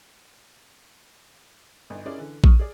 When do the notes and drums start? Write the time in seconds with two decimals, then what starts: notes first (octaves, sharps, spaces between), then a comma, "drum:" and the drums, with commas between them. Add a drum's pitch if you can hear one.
1.90 G1 D#4
2.06 C#4 D#4 E4 G#4 A#4 D5
2.18 D3 E3
2.44 C#6 D#6 F6, drum: kick A#1
2.59 G#4 D5